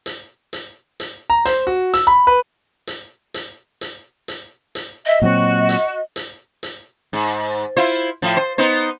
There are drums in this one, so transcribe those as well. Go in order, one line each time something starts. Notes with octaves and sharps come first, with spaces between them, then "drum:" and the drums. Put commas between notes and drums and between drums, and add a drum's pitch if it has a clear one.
drum: hi-hat
drum: hi-hat
drum: hi-hat
A#5
C5, drum: hi-hat
F#4
E6, drum: hi-hat
B5
B4
drum: hi-hat
drum: hi-hat
drum: hi-hat
drum: hi-hat
drum: hi-hat
D#5 E5
A#2 F#3 C4 F#4
drum: hi-hat
drum: hi-hat
drum: hi-hat
G#2
E4 F4 C5
A2 F3
C5
B3 D#4 C5